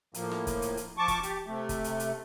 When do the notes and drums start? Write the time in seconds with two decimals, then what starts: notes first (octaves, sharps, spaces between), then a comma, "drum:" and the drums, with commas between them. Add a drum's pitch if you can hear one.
0.14 A2 F3 A#3, drum: hi-hat
0.31 drum: rim click
0.47 drum: kick, hi-hat
0.62 drum: hi-hat
0.77 drum: hi-hat
0.98 F3 A5 C#6 D6
1.08 drum: kick, hi-hat
1.23 G4, drum: hi-hat
1.46 C3 A3
1.69 drum: kick, hi-hat
1.84 drum: hi-hat
2.00 drum: hi-hat